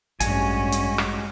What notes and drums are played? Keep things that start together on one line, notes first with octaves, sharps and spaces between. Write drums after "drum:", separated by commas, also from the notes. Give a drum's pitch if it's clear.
A1 G2 G#3 C#4 F#4 G#5, drum: hi-hat
drum: hi-hat
drum: rim click